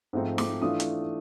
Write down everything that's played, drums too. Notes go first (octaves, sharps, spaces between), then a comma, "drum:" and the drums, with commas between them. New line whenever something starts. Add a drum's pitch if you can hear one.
G#2 F3 A3 C4 D#4
D6, drum: snare
E3 A3 D4 F4 D#6
drum: hi-hat